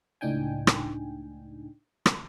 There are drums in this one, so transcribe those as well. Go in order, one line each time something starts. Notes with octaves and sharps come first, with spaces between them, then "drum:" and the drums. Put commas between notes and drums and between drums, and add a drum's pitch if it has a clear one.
C#2 A2 D4 D#4 G5 G#5
drum: rim click
drum: rim click